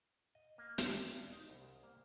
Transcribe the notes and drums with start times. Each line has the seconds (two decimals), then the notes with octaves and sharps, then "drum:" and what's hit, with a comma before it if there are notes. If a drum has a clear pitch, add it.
0.35 D#5
0.58 A#3
0.78 C#5, drum: hi-hat
0.94 G5
1.14 D5
1.31 D#4
1.50 C2
1.83 A#3